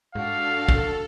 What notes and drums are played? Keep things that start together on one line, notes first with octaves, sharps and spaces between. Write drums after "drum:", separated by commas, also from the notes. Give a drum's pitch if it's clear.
G#2 D4 F#4 A4 F5
drum: kick